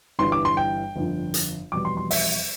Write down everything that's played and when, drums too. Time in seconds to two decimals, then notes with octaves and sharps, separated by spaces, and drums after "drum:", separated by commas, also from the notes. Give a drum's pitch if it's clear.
0.19 G1 G2 E3 G3 C6
0.32 D6
0.45 C6
0.57 G5
0.96 G1 F2 D3
1.34 drum: hi-hat
1.72 F1 E2 B2 G3 D6
1.85 C6
1.97 C6
2.11 E5, drum: open hi-hat